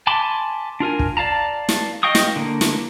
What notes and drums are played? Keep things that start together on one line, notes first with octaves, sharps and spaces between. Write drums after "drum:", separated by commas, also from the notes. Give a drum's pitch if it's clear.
G#5 A5 B5 C6 D6
D4 F4 A#4 G#5
drum: kick
D5 F5 A5 A#5
drum: snare
D#5 F5 G5 C#6 D#6
drum: snare
D3 A#3
drum: snare